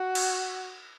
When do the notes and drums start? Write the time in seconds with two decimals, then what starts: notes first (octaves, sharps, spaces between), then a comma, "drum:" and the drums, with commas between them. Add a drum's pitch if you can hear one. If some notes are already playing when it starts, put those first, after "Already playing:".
Already playing: F#4
0.15 drum: cymbal